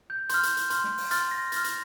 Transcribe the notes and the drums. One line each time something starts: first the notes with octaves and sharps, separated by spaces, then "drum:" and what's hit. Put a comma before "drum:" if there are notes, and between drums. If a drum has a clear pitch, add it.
G6
C6 F6 G6, drum: hi-hat
drum: hi-hat
drum: hi-hat
C6 F6, drum: hi-hat
drum: snare
drum: open hi-hat
C6 F6 A6, drum: hi-hat
A#6
C6 F6 A6, drum: hi-hat
A#6, drum: hi-hat